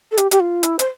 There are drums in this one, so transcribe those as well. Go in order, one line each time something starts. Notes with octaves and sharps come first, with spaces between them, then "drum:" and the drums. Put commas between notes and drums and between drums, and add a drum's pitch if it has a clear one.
A4
G4, drum: hi-hat
G4, drum: hi-hat
F4
E4, drum: hi-hat
C5, drum: hi-hat